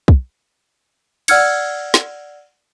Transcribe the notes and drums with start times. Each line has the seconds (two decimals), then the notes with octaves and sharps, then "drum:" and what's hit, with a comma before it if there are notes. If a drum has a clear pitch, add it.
0.08 drum: kick
1.28 D5 F#5 E6 F6 G#6 C#7, drum: cymbal
1.94 drum: snare